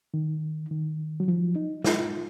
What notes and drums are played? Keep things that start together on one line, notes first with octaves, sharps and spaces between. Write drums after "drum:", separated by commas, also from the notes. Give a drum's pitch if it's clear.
D#3
D#3
F#3
F3
D#4
F4, drum: snare